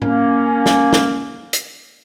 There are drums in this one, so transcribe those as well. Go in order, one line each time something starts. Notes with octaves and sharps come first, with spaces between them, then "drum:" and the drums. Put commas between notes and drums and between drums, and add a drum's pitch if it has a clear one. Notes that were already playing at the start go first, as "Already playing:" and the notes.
A#3 C#4, drum: tom A2
drum: snare
drum: snare
drum: hi-hat